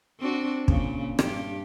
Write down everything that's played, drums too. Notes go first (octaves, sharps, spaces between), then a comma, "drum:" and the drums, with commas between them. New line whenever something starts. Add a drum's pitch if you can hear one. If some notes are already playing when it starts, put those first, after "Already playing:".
C4 D4 F#4
A#2 C#3, drum: kick
G2 G4, drum: rim click